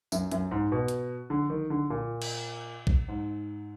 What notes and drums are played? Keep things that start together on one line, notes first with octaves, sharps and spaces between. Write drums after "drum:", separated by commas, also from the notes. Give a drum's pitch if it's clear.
F#2, drum: tambourine
F#2, drum: hi-hat
G#2
B2
drum: hi-hat
D3
D#3
D3
A#2
drum: cymbal
drum: kick A#1
G#2